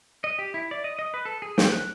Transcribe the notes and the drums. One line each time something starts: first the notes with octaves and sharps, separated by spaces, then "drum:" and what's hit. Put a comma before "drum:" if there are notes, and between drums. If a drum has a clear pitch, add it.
D#5
G4
E4
D5
D#5
D#5
B4
A4
G#4
G5, drum: snare
F#6